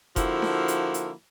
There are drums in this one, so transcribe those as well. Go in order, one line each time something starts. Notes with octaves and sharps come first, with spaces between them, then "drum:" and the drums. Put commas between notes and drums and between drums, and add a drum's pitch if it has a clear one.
D3 F3 A#3 E4 F#4, drum: kick F1, hi-hat
drum: snare D4
drum: hi-hat
drum: hi-hat